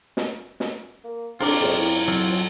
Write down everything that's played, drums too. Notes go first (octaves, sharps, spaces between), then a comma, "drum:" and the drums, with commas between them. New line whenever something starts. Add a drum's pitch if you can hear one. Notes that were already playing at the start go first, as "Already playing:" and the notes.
drum: snare
drum: snare
A#3
C4 D4 F4 A#4 D5, drum: cymbal
F#2 G#4 C#5
E4
F#3 C4 F4
F3